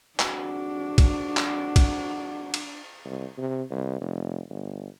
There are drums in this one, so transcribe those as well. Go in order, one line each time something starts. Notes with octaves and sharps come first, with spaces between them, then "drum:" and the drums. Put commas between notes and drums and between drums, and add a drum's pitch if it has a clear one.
G#1 F2 D4 F#4, drum: clap
drum: kick, cymbal
drum: clap
drum: kick, cymbal
drum: cymbal
C2
C3
C2
F1
G1